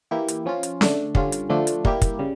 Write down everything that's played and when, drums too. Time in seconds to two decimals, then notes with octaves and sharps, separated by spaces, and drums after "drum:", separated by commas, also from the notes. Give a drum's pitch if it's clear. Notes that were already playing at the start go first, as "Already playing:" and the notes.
0.11 E3 A#3 E4 G4
0.28 drum: hi-hat
0.46 F3 C#4 F4
0.63 drum: hi-hat
0.81 D3 A3 D4, drum: snare C#4
1.15 D3 G3 C#4 F4, drum: kick
1.32 drum: hi-hat
1.49 D3 F3 A3 D4 F4
1.67 drum: hi-hat
1.85 G3 A#3 E4 G4, drum: kick
2.02 drum: kick, hi-hat
2.19 C#3 G3